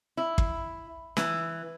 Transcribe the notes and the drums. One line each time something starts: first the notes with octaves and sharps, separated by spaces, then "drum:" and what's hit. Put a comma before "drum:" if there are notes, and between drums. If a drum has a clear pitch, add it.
E4
drum: kick
E3, drum: snare